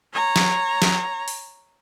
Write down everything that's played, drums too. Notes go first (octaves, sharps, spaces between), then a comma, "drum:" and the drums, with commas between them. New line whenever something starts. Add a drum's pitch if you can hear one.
C#5 A#5
drum: snare
drum: snare
drum: open hi-hat